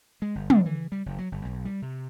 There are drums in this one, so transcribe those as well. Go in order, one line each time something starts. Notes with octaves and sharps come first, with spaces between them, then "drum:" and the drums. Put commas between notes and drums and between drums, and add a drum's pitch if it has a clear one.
G#3
G1
D3, drum: tom
E3
G3
F#1
F#3
G1
B1
G3
C3